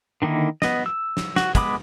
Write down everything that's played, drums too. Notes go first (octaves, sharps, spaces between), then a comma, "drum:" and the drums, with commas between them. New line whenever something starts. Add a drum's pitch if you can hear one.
D3 D#3 A#3 D#4 E4
B3 D#5, drum: snare
E6
drum: snare
F#4, drum: snare
G#3 B3 B5 D6 D#6, drum: kick, hi-hat